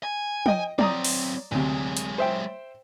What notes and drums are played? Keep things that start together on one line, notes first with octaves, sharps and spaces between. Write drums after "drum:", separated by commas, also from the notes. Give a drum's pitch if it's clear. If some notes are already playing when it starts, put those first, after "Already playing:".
G#5
D#5 G5, drum: tom
F#3 C4 D5 A#5 D#6, drum: tom
drum: open hi-hat
D2 C3 F#3 G#3
drum: hi-hat
C5 E5 G5